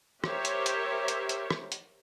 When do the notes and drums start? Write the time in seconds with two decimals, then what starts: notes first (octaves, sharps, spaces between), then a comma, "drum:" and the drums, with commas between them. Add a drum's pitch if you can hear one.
0.24 G4 A#4 C5 C#5 E5, drum: rim click
0.45 drum: hi-hat
0.66 drum: hi-hat
1.08 drum: hi-hat
1.29 drum: hi-hat
1.51 drum: rim click
1.72 drum: hi-hat